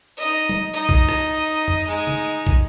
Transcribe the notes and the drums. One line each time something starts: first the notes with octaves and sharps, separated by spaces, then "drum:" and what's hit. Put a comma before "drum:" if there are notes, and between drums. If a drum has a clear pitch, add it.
D#4 D#5
drum: tom
D#4 D#5
drum: kick
drum: rim click
drum: tom F2
G#3 D#4
drum: tom
drum: kick